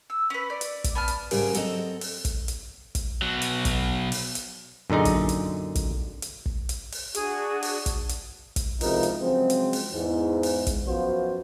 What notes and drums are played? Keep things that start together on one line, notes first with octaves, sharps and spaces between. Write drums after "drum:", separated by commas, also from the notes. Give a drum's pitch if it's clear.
E6
C#4 B4
D5
drum: hi-hat
drum: kick, hi-hat
B3 A5 F6
drum: hi-hat
G#2 C#3 G3 A#4 C5 G#5, drum: open hi-hat
F#3 C4 A4 D#5 A#5, drum: hi-hat
drum: open hi-hat
drum: kick, hi-hat
drum: hi-hat
drum: kick, hi-hat
B2 F#3
drum: hi-hat
drum: kick, hi-hat
drum: open hi-hat
drum: hi-hat
F#2 A#2 D3 D#4 G#4
drum: kick, hi-hat
drum: hi-hat
drum: kick, hi-hat
drum: hi-hat
drum: kick
drum: hi-hat
drum: open hi-hat
D4 F#4 G#4, drum: hi-hat
drum: open hi-hat
drum: kick, hi-hat
drum: hi-hat
drum: kick, hi-hat
C#2 C3 F3 D#4 E4 A#4, drum: open hi-hat
drum: hi-hat
C#3 F3 F#3 G#3 C4
drum: hi-hat
drum: open hi-hat
E2 G#2
drum: open hi-hat
drum: kick, hi-hat
F#2 F3 B3 F4 F#4 C5